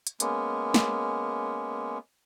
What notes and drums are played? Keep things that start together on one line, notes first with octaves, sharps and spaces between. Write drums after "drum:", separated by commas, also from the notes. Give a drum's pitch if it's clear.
drum: hi-hat
G#3 A#3 B3 C#4, drum: hi-hat
drum: snare